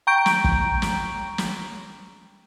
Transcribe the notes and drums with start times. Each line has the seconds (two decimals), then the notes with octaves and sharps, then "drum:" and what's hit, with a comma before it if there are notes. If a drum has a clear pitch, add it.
0.07 G5 A#5 C#6 G6 D7
0.26 drum: snare
0.44 drum: kick
0.82 drum: snare
1.38 drum: snare